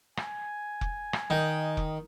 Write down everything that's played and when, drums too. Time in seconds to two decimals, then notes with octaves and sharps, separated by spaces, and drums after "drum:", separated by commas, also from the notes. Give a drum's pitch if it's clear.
0.17 G#5, drum: rim click
0.81 drum: kick F1
1.13 drum: rim click
1.30 D#3 D#5 G5
1.77 drum: kick F1